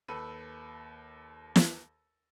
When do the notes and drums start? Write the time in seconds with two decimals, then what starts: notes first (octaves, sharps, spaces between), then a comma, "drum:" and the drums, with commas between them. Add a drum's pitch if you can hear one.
0.08 D#2 A4 B4 B5 E6 D#7
1.56 drum: snare